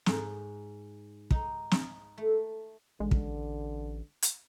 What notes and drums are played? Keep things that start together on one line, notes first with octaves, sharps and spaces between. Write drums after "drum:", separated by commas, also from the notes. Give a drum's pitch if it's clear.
G#2, drum: snare
D#4, drum: kick
drum: snare
A3
A1 D3 G#3
drum: kick
drum: hi-hat